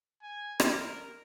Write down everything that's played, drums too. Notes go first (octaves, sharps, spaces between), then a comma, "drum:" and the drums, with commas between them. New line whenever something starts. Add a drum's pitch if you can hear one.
G#5
A#4, drum: rim click